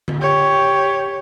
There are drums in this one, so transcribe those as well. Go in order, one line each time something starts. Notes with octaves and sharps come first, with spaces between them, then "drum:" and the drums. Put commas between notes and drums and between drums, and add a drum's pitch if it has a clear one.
drum: tom D3
G4 C#5